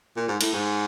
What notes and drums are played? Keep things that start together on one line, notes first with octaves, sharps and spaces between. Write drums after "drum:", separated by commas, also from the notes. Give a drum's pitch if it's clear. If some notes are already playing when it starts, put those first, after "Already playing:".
A#2
G#2
A2, drum: cymbal
G#2